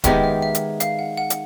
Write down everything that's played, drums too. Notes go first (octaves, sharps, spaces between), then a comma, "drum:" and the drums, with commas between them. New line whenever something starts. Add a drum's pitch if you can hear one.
D#3 G#3 B3 D#4 G4 E5, drum: kick D1, hi-hat
E5
E5
drum: hi-hat
F5, drum: hi-hat
F#5
F#5
drum: hi-hat